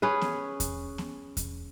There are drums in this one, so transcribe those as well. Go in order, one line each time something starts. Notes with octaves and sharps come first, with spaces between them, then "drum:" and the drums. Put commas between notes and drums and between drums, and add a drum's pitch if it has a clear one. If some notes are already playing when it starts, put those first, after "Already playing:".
C#4 G#4 B4
drum: snare
drum: kick E2, hi-hat
drum: snare
drum: kick E2, hi-hat